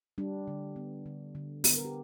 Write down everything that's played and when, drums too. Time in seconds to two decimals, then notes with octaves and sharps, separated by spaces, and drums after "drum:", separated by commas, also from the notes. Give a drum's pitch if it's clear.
0.18 G3 D4
0.47 D3
0.76 B3
1.06 D3
1.35 D3
1.64 B3, drum: open hi-hat
1.76 A#4
1.85 G4